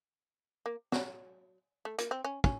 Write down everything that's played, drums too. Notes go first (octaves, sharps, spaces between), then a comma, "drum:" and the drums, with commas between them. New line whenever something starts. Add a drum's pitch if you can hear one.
A#3
F#3, drum: snare
A3
A#3, drum: hi-hat
C4
C#4
C#4, drum: kick